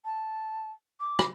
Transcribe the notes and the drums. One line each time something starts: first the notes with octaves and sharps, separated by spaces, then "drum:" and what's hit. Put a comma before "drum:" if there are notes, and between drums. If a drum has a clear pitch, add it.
A5
D6
drum: rim click